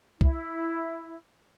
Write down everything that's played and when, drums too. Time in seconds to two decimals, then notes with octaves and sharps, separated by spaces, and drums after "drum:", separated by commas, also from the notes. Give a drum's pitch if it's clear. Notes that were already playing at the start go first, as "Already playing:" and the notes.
0.21 E4, drum: kick